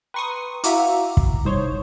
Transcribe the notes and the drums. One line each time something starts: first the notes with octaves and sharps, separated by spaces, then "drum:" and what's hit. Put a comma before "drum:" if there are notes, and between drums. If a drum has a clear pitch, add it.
B4 G5 A#5 C6 C#6 D#6
E4 F#4 E5 F5 A#5 D6, drum: hi-hat
drum: kick
C2 D#4 C5 C#5